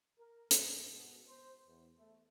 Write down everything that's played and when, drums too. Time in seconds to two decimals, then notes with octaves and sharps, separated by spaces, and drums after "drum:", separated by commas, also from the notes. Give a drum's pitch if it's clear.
0.18 A#4
0.51 G#2, drum: hi-hat
0.91 B2
1.28 C5
1.67 E2
1.98 A3